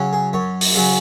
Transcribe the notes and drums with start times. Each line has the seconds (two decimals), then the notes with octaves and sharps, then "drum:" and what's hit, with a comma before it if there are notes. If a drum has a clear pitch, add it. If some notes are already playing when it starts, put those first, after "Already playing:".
Already playing: C#3 F#3 C#4
0.13 G#4
0.33 F#2 C#5
0.61 drum: open hi-hat
0.75 C#3 F#3 C#4